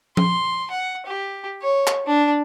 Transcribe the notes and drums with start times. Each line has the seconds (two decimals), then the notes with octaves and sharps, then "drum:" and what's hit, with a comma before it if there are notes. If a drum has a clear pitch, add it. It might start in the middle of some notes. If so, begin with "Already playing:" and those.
0.17 C6, drum: tom F3
0.71 F#5
1.06 G4
1.62 C#5
1.87 drum: clap
2.06 D4